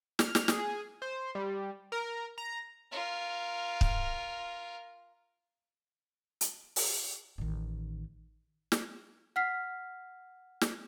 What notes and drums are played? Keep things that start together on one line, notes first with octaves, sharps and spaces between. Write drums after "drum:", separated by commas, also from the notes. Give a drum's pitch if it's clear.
F6, drum: snare
drum: snare
G#4, drum: snare
C5
G3
A#4
A#5
F4 A#4
drum: kick
drum: hi-hat
drum: open hi-hat
A1 D#3
drum: snare
F#5 F6 B6 C7
drum: snare